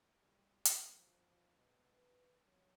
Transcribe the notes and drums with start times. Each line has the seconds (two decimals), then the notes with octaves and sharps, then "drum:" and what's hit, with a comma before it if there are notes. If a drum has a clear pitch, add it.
0.22 G3
0.65 B3, drum: hi-hat
0.97 F3
1.58 B2
1.94 B4
2.45 F#3